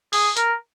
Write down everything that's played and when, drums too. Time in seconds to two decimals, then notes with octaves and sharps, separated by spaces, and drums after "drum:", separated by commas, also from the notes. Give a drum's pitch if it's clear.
0.13 G#4, drum: open hi-hat
0.37 A#4, drum: hi-hat